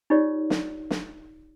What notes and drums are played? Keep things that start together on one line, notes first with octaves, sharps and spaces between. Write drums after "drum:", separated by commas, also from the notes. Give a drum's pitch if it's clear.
D#4 F4 G4 C#5 D5
drum: snare
drum: snare